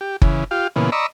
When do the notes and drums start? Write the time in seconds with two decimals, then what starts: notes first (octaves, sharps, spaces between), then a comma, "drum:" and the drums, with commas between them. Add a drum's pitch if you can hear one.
0.01 G4
0.22 C#3 E3, drum: kick
0.51 F4 G4 F5
0.76 A#2 C#3 E3 B3
0.92 D5 D#5 A#5 B5 C#6 E6